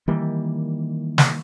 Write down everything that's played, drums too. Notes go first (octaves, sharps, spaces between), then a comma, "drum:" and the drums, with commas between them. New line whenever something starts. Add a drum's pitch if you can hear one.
D#3 E3 G3 A#3
drum: snare